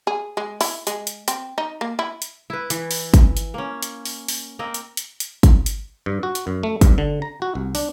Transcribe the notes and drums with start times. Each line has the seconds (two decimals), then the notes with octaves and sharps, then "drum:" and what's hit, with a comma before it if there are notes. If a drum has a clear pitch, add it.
0.07 G#4
0.37 G#3
0.61 E4, drum: open hi-hat
0.87 G#3, drum: hi-hat
1.07 drum: hi-hat
1.28 C4, drum: hi-hat
1.58 D#4
1.81 A#3
1.99 E4
2.22 drum: hi-hat
2.50 E4 B4
2.70 E3, drum: hi-hat
2.91 drum: open hi-hat
3.14 drum: kick, hi-hat
3.37 drum: hi-hat
3.54 A#3 C#4
3.83 drum: hi-hat
4.05 drum: open hi-hat
4.28 drum: open hi-hat
4.59 A#3 C4 D#5
4.74 drum: hi-hat
4.97 drum: hi-hat
5.20 drum: hi-hat
5.43 drum: kick, hi-hat
5.66 drum: hi-hat
6.06 G2
6.23 F#4
6.35 drum: hi-hat
6.47 F#2
6.63 A3
6.81 G2, drum: kick, hi-hat
6.98 D3
7.22 A#5
7.42 F#4
7.55 C2
7.75 D4, drum: open hi-hat